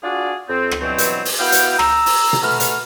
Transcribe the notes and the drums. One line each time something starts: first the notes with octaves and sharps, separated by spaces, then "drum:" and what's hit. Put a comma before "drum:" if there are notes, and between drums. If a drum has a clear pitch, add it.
D4 F4 F#4 G#4 D5
F2 C4
drum: rim click
G2 B2 E3 F#3 C4
drum: hi-hat
drum: open hi-hat
B3 E4 F#4 F5 G5
drum: hi-hat
A#5 E6, drum: rim click
drum: open hi-hat
drum: tom B2
A3 F#4 B4 F6
drum: hi-hat